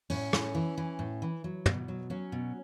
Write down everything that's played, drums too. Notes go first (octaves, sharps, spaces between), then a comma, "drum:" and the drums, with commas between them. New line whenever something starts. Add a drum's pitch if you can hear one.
A2 C#4, drum: open hi-hat
A2, drum: rim click
E3
E3
A2
E3
F#3
B2, drum: tom
F#3
F#3 C#4
B2